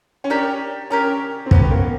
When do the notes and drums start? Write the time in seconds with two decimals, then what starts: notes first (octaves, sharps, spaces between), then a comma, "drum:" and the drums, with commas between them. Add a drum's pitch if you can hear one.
0.24 C#4
0.30 D4 G4 A#4 C#5
0.90 C#4 G4 A#4 C#5
1.46 C4
1.51 B3 G4 A#4 C#5, drum: kick
1.61 B3
1.71 A#3